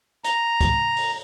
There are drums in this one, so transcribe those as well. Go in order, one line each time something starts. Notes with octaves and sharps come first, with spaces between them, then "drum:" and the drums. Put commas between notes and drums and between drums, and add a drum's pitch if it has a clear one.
A#5, drum: hi-hat
drum: kick, hi-hat
drum: open hi-hat